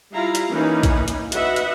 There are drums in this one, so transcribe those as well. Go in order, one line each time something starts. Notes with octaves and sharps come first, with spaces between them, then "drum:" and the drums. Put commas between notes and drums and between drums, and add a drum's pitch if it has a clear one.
G3 E4 F4 F5 A#5
drum: hi-hat
E3 A#3 C#4 D#4
drum: kick A#1, hi-hat
drum: hi-hat
F#4 B4 D#5 E5 F#5, drum: hi-hat
drum: hi-hat